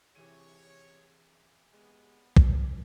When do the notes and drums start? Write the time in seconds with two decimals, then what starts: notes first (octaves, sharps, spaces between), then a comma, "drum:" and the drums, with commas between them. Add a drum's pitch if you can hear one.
0.15 C3 E3 G#4 C#5 D#7
1.73 G#3 B3
2.37 D5, drum: kick